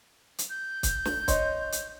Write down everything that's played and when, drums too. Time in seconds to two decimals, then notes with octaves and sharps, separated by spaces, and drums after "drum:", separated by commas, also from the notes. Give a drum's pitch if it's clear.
0.39 drum: hi-hat
0.50 G6
0.83 drum: kick, hi-hat
1.05 drum: snare
1.28 C#5 D#5 C6, drum: kick, hi-hat
1.72 drum: hi-hat